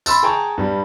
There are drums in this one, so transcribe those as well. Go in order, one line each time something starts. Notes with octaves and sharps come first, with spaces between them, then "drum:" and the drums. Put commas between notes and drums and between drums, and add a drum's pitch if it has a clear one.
B5 C6 E6 A6, drum: tambourine
G#4 G5 A5 A#5 C#6
G2 G3